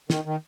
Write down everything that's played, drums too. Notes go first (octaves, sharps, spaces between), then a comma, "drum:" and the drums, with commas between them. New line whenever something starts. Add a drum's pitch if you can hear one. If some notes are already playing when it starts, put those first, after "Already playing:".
D#3, drum: snare
D#3